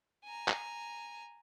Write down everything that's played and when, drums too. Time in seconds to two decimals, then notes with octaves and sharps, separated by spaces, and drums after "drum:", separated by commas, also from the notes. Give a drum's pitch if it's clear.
0.24 G#5 A#5
0.48 drum: clap